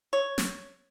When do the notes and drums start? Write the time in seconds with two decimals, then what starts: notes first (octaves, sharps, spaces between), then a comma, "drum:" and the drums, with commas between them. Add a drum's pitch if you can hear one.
0.13 C#5
0.38 drum: snare